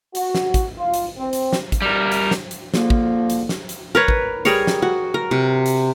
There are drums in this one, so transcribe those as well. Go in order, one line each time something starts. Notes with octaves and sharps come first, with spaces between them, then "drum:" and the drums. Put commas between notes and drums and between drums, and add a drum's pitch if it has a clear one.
F#4, drum: hi-hat
drum: snare
drum: kick, hi-hat
F4
drum: hi-hat
C4
drum: hi-hat
drum: snare
drum: kick, hi-hat
G3 A#4
drum: hi-hat
drum: snare
drum: hi-hat
D3 F3 A#3, drum: snare
drum: kick
drum: hi-hat
drum: snare
drum: hi-hat
A#4 B4 C#5
drum: kick
G3 G#4 A#4 C#5, drum: hi-hat
drum: snare
F#4
A#4
C3
drum: hi-hat